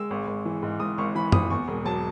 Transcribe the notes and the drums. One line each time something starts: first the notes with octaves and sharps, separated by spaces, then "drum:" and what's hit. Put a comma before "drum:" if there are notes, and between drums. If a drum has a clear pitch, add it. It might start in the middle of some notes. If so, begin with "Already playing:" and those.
Already playing: G#3 E6
G#1
G#1
E3
G#2
G#2 D#6
G#1 C#6
E3 B5
G#1 D#6, drum: tom F#2
E2 C#6
E1
F#3 A5